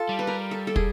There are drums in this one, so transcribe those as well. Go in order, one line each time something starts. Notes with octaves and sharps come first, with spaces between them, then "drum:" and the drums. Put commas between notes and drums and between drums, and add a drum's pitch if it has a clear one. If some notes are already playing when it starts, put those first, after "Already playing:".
Already playing: F4 A4
G3
B4
A#4
A4
A4
G#4, drum: kick